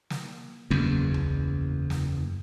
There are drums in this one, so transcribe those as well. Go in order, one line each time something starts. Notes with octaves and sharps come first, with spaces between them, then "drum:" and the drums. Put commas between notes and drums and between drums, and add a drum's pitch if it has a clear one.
drum: snare
F#1 E2
drum: tom C#2
drum: snare